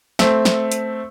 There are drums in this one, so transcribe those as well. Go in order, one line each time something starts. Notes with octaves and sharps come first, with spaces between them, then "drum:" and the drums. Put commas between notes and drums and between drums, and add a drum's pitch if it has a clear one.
A3 C4, drum: snare
drum: snare
drum: hi-hat